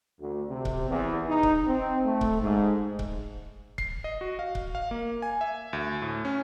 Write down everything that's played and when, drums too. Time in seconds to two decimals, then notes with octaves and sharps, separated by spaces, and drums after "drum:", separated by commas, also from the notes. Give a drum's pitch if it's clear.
0.20 D2
0.50 C3
0.65 drum: kick C#1
0.89 E2
1.29 D#4
1.43 drum: kick C#1
1.68 C4
2.06 A3
2.21 drum: kick C#1
2.41 G#2
2.99 drum: kick C#1
3.78 C7, drum: kick C#1
4.04 D#5
4.21 F#4
4.39 F5
4.55 drum: kick C#1
4.75 F5
4.91 A#3
5.22 G#5
5.41 E5
5.73 D2
6.02 A2
6.25 C#4